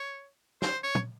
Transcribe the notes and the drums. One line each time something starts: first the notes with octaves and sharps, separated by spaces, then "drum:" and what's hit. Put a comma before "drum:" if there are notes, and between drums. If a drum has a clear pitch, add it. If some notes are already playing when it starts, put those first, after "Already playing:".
Already playing: C#5
C5, drum: snare
C#5
drum: tom